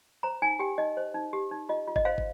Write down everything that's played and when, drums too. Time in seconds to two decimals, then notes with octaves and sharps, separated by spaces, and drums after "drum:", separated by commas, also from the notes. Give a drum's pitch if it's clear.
0.23 C5 A#5
0.42 D#4 G#5
0.59 G4 G5
0.78 D#4 D#5
0.97 C5
1.14 D#4
1.33 G4
1.51 D#4
1.69 F4 D#5
1.88 F4
1.96 D#5, drum: kick
2.05 C5 F5
2.18 drum: kick